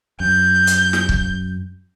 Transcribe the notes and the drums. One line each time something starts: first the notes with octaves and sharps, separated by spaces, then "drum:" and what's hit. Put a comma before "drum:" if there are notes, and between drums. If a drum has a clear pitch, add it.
F#2 G6
drum: hi-hat
drum: snare
drum: kick